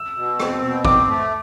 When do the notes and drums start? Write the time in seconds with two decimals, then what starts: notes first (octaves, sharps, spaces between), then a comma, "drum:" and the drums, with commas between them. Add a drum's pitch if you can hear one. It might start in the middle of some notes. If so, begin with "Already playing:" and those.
Already playing: E6
0.16 B2
0.40 C4, drum: rim click
0.62 B2
0.85 C4 D6, drum: kick
1.08 A3